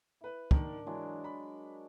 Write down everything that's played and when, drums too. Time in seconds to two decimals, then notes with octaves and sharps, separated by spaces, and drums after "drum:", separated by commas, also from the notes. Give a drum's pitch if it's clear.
0.21 E4 B4
0.51 D#3 D4 A#4, drum: kick
0.87 E3 F#3 G#3 D4
1.24 B5